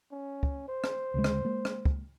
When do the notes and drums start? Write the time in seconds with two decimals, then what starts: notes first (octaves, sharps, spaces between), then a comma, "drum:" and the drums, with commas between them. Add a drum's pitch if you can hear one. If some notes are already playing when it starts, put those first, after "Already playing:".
0.11 C#4
0.43 drum: kick
0.68 C5
0.84 drum: rim click
1.14 D2 C#3 G#3
1.24 drum: rim click
1.45 G#3 A#3
1.65 drum: rim click
1.85 drum: kick